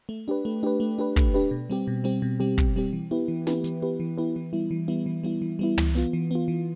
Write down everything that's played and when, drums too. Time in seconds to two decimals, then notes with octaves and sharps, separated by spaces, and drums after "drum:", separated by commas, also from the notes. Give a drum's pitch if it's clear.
0.09 A3
0.28 D4 G4 B4
0.45 A3
0.63 D4 G4 B4
0.80 A3
0.98 D4 G4 B4
1.16 A3, drum: kick
1.34 D4 G4 B4
1.51 B2
1.70 G3 C4 G4
1.87 B2
2.04 G3 C4 G4
2.22 B2
2.40 G3 C4 G4
2.58 B2, drum: kick
2.76 G3 C4 G4
2.93 E3
3.11 B3 E4 G4 B4
3.28 E3
3.47 B3 E4 G4 B4, drum: snare
3.64 E3, drum: hi-hat
3.82 B3 E4 G4 B4
4.00 E3
4.18 B3 E4 G4 B4
4.36 E3
4.53 G3 B3 E4
4.71 E3
4.88 G3 B3 E4
5.06 E3
5.23 G3 B3 E4
5.42 E3
5.59 G3 B3 E4
5.78 E3, drum: tom
5.95 B3 F4
6.13 E3
6.31 B3 F4
6.48 E3